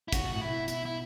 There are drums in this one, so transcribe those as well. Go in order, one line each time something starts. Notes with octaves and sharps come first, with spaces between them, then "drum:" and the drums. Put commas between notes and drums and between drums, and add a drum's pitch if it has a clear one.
E4
C#3 F#4, drum: kick, hi-hat
B2
A2 F#4
B2 E4
E4, drum: hi-hat
E4